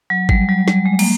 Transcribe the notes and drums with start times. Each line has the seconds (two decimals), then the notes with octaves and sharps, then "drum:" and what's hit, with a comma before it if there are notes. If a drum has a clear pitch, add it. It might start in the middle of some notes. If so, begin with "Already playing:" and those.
0.10 F#3
0.29 G3, drum: kick
0.49 F#3
0.68 G3, drum: snare
0.86 G#3
0.99 A#3, drum: cymbal